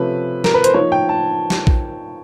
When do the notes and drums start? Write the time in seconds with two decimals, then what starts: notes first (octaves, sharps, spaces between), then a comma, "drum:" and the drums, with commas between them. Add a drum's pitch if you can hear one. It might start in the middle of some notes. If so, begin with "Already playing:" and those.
Already playing: C3 F3 A3 C#4 B4
0.44 A#4, drum: snare
0.54 B4
0.64 C5, drum: hi-hat
0.74 F3 A#3 D#4 C#5
0.92 G5
1.09 A5
1.50 drum: snare
1.67 drum: kick A#1